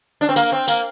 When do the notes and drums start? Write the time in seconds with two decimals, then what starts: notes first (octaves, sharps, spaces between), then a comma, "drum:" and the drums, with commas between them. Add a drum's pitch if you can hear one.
0.21 D4
0.29 C4
0.36 A#3, drum: tambourine
0.52 C4
0.68 A#3, drum: tambourine